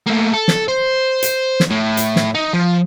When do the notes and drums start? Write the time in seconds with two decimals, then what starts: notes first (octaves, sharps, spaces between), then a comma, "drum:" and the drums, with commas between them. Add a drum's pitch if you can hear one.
0.07 A3 A#3
0.33 A4
0.48 drum: snare
0.68 C5
1.23 drum: hi-hat
1.60 drum: snare
1.70 A2
1.97 drum: hi-hat
2.16 drum: snare
2.35 D#4
2.54 F3